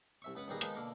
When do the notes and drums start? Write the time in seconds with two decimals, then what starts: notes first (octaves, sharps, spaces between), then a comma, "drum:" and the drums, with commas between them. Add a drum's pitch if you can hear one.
0.22 C2 E5 C#6
0.35 C#2 B3 B4 F#5
0.48 A#1 D#3 G3 B3 G#4 A#5
0.61 D#3 F3 G#3 B3 D#4, drum: hi-hat
0.75 B2 D3 A#3 A#4